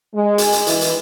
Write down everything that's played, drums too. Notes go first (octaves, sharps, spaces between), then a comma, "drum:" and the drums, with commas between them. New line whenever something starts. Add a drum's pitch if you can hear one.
G#3
drum: hi-hat
drum: hi-hat
E3, drum: hi-hat
drum: hi-hat